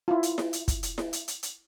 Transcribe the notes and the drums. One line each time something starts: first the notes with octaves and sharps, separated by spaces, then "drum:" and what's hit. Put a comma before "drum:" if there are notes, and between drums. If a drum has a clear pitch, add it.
E4 F4
drum: hi-hat
drum: snare E4
drum: hi-hat
drum: kick, hi-hat
drum: hi-hat
drum: snare E4
drum: hi-hat
drum: hi-hat
drum: hi-hat